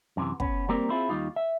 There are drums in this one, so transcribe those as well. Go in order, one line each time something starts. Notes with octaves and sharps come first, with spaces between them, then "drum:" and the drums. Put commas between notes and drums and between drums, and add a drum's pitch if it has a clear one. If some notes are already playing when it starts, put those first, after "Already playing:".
F#2 C3 E3
B3 C#4, drum: kick
G3 A#3 C4 A#4
C4 E4 F4 G#4
D#2 G3 D#4 F4
E5